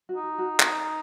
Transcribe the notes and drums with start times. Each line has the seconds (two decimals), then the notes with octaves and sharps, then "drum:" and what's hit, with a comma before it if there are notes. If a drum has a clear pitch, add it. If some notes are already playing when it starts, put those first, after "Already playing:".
0.09 F#4
0.16 D#4
0.23 F#4
0.38 F#4
0.60 drum: clap